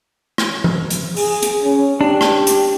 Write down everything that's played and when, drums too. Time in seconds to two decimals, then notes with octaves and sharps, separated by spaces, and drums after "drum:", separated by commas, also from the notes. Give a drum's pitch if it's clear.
0.38 drum: rim click
0.64 drum: tom
0.90 drum: hi-hat
1.16 G#4, drum: open hi-hat
1.43 drum: hi-hat
1.63 C#4
2.01 D4 G4
2.21 drum: rim click
2.47 drum: hi-hat